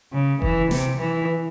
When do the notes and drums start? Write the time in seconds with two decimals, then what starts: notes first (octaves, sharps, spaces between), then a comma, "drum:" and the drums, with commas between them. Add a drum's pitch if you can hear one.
0.13 C#3
0.42 E3, drum: kick F1
0.71 C3, drum: snare
0.99 E3